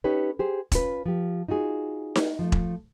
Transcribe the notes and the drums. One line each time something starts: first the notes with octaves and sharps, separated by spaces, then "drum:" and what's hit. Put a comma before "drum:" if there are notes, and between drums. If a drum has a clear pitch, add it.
C#4 D#4 G4 A4 B4 C#5
G4 G#4 C5
C#4 F4 B4, drum: kick E1, hi-hat
F3 G4
D#4 F4 F#4 G#4
drum: snare D#4
F3 A3
drum: kick E1